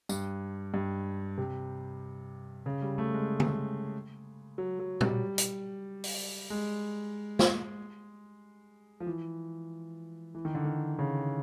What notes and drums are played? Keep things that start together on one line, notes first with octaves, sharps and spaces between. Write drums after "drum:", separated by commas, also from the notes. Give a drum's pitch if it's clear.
G2, drum: tambourine
G2
C3
C#3
G3
A3
G#3
drum: tom D3
F#3
F#3
G3, drum: tom A#2
drum: hi-hat
drum: open hi-hat
G#3
drum: snare
F3
E3
E3
D#3
D3
D#3
C#3